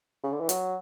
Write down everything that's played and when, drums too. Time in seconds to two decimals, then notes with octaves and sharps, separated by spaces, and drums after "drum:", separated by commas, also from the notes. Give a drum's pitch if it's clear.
0.23 C#3
0.32 D3
0.40 E3
0.49 F#3, drum: hi-hat